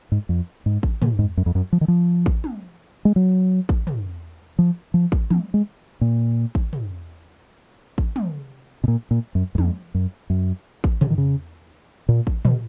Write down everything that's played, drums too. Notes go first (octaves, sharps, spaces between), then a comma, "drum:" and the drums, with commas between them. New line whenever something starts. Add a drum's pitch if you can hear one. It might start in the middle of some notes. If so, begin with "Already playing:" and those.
G#2
F2
G#2
drum: kick A1
A#2, drum: tom
G#2
F#2
F2
F#2
F3
D#3
F3
drum: kick A1
drum: tom
G#3
F#3
drum: kick A1
drum: tom
F3
F3
drum: kick A1
F3, drum: tom
G#3
A#2
drum: kick A1
drum: tom
drum: kick A1
drum: tom
B2
A#2
A#2
F#2
F#2
F2, drum: tom
F#2
F#2
drum: kick A1
C#3, drum: tom
D#3
C#3
A#2
drum: kick A1
B2, drum: tom